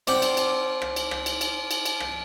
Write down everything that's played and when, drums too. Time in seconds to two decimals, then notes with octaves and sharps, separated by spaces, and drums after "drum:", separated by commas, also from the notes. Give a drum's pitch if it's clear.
0.07 C4 D5 F#5 G5, drum: cymbal
0.22 drum: cymbal
0.37 drum: cymbal
0.82 drum: rim click
0.96 drum: cymbal
1.11 drum: rim click
1.26 drum: cymbal
1.41 drum: cymbal
1.71 drum: cymbal
1.85 drum: cymbal
2.00 drum: rim click